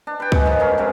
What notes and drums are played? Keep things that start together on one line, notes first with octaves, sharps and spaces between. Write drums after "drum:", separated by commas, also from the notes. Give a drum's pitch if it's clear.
D4
B4 G5
G#3 C#6, drum: kick C2
D#3 F3
G2 C#4 A#4
G#2 C3 F3